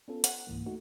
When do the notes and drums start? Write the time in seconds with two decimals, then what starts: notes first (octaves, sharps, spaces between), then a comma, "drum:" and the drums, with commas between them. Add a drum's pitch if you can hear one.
0.08 B3 C#4 F4 A4
0.24 F#5, drum: hi-hat
0.47 C#2 G#2 E3 A#3
0.66 A3 D#4 F#4